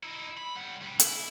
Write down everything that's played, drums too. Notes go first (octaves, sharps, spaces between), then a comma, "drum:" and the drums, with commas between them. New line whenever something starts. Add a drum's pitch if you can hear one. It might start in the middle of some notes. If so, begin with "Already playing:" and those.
D#4 E4
B5
G3 F#5
C#2 G3
E4, drum: hi-hat